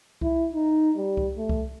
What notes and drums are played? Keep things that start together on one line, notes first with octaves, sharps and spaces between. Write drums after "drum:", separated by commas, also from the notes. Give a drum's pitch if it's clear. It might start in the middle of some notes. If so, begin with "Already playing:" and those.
E4, drum: kick C2
D#4
G3
drum: kick C2
A3
drum: kick C2